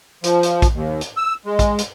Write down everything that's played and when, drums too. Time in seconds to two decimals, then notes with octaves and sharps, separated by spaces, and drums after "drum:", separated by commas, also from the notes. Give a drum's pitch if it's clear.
0.24 F3, drum: hi-hat
0.43 drum: hi-hat
0.62 drum: kick, hi-hat
0.74 D#2
1.01 drum: hi-hat
1.17 E6
1.46 G#3
1.59 drum: kick, hi-hat
1.78 drum: hi-hat